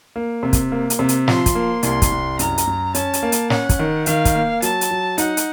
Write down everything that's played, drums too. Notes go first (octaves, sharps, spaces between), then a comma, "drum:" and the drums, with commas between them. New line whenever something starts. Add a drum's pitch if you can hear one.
A#3
C3
drum: kick, hi-hat
A#3
drum: hi-hat
C3
drum: hi-hat
F3 C6, drum: snare
drum: kick, hi-hat
A#3
C2 C6, drum: hi-hat
drum: kick, hi-hat
C2
F#2 A#5, drum: hi-hat
drum: hi-hat
F#2
C#4 A5, drum: hi-hat
drum: hi-hat
A#3
drum: hi-hat
C#4 F#5, drum: snare
drum: kick, hi-hat
D#3
D#3 F5, drum: hi-hat
drum: kick, hi-hat
A#3
F#3 A5, drum: hi-hat
drum: hi-hat
F#3
D#4 F#5, drum: hi-hat
drum: hi-hat